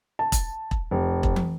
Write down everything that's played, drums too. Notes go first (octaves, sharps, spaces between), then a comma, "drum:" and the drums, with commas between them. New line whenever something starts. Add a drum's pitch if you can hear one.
A5
drum: kick E1, hi-hat
drum: kick E1
F1
drum: kick E1
drum: tom